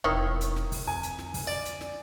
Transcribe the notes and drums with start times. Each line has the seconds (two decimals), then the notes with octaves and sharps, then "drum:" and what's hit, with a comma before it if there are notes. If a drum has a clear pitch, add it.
0.04 E1 F2 D#3 E4 C#5
0.41 drum: hi-hat
0.56 drum: snare
0.72 drum: kick, open hi-hat
0.87 F2 D3 G#5
1.03 drum: hi-hat
1.19 drum: snare
1.34 drum: kick, open hi-hat
1.47 D5
1.65 drum: hi-hat
1.81 drum: snare